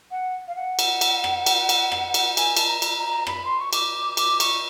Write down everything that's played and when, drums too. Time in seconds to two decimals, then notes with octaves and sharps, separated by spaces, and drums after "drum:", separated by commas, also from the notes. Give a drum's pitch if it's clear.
0.11 F#5
0.48 F5
0.56 F#5
0.79 drum: cymbal
1.01 drum: cymbal
1.24 drum: rim click
1.46 drum: cymbal
1.69 drum: cymbal
1.92 drum: rim click
2.14 drum: cymbal
2.37 G#5, drum: cymbal
2.57 A5, drum: cymbal
2.67 A#5
2.82 drum: cymbal
2.97 A#5
3.27 B5, drum: rim click
3.45 C6
3.59 C#6
3.73 D6, drum: cymbal
4.17 D6, drum: cymbal
4.40 C#6, drum: cymbal